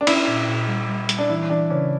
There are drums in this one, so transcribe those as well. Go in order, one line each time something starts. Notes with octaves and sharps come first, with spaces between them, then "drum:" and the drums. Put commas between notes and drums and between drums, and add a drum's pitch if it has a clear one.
D4
C#4 E4, drum: cymbal
A#2
A#2
G3
G3
G3, drum: hi-hat
D4
E3 E4
E3 D4
C#3 C#4